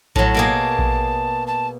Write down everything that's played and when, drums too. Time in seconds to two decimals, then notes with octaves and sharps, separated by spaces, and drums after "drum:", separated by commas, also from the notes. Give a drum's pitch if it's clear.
0.16 A2 F#3 A5, drum: kick A#1
0.34 B2 A#3 G#4
0.79 drum: kick A#1
1.47 A5